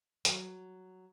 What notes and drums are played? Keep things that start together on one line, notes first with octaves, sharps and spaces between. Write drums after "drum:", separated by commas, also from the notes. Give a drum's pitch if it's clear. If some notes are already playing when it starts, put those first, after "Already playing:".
F#3, drum: hi-hat